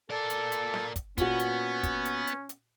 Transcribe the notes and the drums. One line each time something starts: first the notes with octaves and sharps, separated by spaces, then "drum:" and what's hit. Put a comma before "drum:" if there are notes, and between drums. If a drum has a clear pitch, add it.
A#3 A4 D5
drum: hi-hat
drum: hi-hat
drum: snare
drum: kick, hi-hat
A#2 B3 C#4 F#4, drum: kick, hi-hat
drum: hi-hat
drum: kick, hi-hat
drum: hi-hat
drum: hi-hat
drum: hi-hat